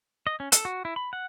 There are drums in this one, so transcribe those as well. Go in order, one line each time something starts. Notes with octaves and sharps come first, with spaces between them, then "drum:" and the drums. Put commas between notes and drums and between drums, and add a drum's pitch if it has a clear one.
D#5
C#4
A4, drum: hi-hat
F#4
E4
B5
F#5